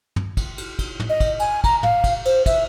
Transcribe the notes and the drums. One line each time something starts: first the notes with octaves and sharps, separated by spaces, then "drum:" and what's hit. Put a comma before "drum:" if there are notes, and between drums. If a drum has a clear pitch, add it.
drum: tom
drum: kick, cymbal
drum: cymbal
drum: kick, cymbal
drum: tom
D#5
drum: kick, cymbal
G#5, drum: cymbal
A#5, drum: kick, cymbal
F5, drum: tom
drum: kick, cymbal
C5, drum: cymbal
E5, drum: kick, cymbal